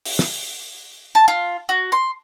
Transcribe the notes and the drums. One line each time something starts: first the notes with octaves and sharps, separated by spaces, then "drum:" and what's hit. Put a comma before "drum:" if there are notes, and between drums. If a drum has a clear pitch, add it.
drum: open hi-hat
drum: snare
A5
F4
F#4
C6